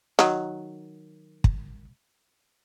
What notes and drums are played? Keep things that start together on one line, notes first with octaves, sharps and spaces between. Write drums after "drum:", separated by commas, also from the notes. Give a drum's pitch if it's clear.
D#3 F#3, drum: hi-hat
drum: kick